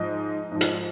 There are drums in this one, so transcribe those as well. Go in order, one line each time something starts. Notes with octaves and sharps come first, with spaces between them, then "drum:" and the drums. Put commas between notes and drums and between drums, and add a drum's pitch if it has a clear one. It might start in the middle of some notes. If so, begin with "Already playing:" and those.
Already playing: G#2 F3 D#5
G#2 F3
drum: hi-hat